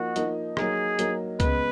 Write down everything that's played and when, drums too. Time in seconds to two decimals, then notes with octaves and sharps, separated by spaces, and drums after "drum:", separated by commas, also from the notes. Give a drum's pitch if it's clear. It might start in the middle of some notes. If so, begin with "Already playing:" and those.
Already playing: F3 A#3 D#4 F#4
0.16 F3 A#3 D#4, drum: hi-hat
0.57 F#3 A#3 D#4 G#4 A#4, drum: rim click
0.99 F#3 A#3 D#4 A#4, drum: hi-hat
1.40 C#3 G#3 B3 B4, drum: kick C#2, hi-hat